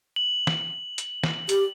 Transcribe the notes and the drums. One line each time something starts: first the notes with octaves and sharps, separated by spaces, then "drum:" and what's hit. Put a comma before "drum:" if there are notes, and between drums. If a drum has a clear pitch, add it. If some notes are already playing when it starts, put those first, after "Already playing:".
F#7
drum: snare
drum: hi-hat
drum: snare
G4, drum: hi-hat